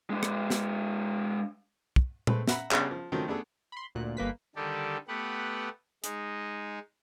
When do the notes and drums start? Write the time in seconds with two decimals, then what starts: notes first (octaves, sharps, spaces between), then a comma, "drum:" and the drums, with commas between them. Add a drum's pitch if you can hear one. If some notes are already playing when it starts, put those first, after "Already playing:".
0.10 G#3 D4
0.23 drum: rim click
0.50 drum: snare
1.96 drum: kick
2.27 G#3 A3 C4 B4, drum: tom A#2
2.48 E5 F#5 A#5 B5, drum: snare
2.71 C#3 G3 B3 D4 G#4 C#5, drum: clap
2.91 F3
3.12 D#3 F3 F#3 A3 C4 C#4
3.27 A3 B3 D4 G#4 A4
3.72 B5 C6
3.95 D2 A#2 F#6
4.17 G1 A#3 B4 B6
4.56 D3 D#3 G3 G4 A4
5.08 A3 B3 G4 B4 F#5
6.04 G#3 D#4, drum: hi-hat